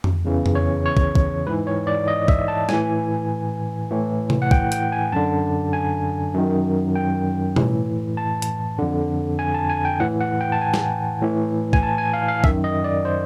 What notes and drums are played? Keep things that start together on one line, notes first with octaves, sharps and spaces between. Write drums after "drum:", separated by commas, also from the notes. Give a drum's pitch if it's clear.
drum: tom F2
E2 C#3 E3
drum: tom F2
C#5
C#5
drum: kick
drum: kick
G#2 E3 B4
C#5
D5
D#5
E5, drum: kick
A5
A2 E3 G#5, drum: snare
A2 E3
drum: tom C3
F#5
G5, drum: kick
G5, drum: hi-hat
G#5
F#2 D3 A5
G#5
F#2 D#3
G5
A2 E3, drum: tom B2
A5
drum: hi-hat
F2 D3
G#5
A5
G#5
G5
A2 E3 F#5
F#5
G5
A5
G#5
drum: snare
A2 E3
G#5, drum: kick
A5
G#5
F5
F5
F#2 D#3 E5, drum: kick
D#5
D5
C5